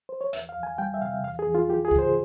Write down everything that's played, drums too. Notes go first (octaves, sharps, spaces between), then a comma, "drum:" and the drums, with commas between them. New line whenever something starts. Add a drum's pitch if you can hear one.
C5
C#5
E2 E5, drum: hi-hat
F5
E2
G#5
G3 G5
E5
C3 F5
E2 F5
G#4
E2
F4
E3 G4
G#4
C#3, drum: kick C#2
C5